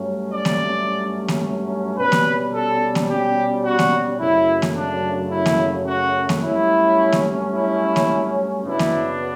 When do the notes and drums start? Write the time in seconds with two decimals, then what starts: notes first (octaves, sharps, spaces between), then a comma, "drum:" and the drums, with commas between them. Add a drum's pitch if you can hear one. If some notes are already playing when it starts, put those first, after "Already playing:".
Already playing: G2 F#3 A3 C#4
0.32 D5
0.45 drum: snare A#3
1.28 drum: snare A#3
1.98 B2 G3 C#4 B4
2.12 drum: snare A#3
2.53 A4
2.95 drum: snare A#3
3.10 G4
3.64 F#4
3.79 drum: snare A#3
4.20 F#2 C#3 F#3 A3 E4
4.62 drum: snare A#3
4.76 D4
5.31 E4
5.46 drum: snare A#3
5.87 F#4
6.29 drum: snare A#3
6.43 G2 F#3 A3 C#4 E4
7.12 drum: snare A#3
7.54 E4
7.96 drum: snare A#3
8.65 F#2 C#3 F#3 B3 D4 E4
8.79 drum: snare A#3